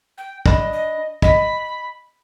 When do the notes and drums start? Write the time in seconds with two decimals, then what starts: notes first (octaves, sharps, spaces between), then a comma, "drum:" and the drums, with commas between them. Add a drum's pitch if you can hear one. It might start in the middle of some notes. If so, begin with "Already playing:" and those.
0.18 G5
0.46 D4 D#5 B5, drum: kick
0.73 D#5
1.22 D#5 B5, drum: kick